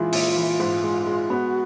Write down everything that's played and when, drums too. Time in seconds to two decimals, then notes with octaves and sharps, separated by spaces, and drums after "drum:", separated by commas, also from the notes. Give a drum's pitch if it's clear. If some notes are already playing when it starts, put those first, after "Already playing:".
Already playing: A#1 E3 G#3 F4
0.13 A#1, drum: open hi-hat
0.36 E3
0.60 G#2
0.83 G#3
1.06 G#3
1.29 B3 F#4